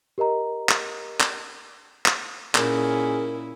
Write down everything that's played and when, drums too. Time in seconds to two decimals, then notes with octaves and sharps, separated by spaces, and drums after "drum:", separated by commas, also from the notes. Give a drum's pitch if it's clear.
0.18 G4 A#4 D#5 A#5
0.69 drum: clap
1.20 drum: clap
2.06 drum: clap
2.55 A#2 C#4 E4 G#4 A#4, drum: clap